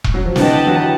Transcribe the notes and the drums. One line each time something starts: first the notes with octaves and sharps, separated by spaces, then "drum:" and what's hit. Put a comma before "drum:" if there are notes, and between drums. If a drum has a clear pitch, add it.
drum: kick E1
F#3
F3
D3 E3 G4 B4 D#5 F#5 A5, drum: snare
E3 F#3